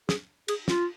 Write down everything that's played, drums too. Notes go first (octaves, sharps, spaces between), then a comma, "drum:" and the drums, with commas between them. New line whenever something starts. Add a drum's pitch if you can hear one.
G#4, drum: snare
G#4, drum: cymbal
F4, drum: snare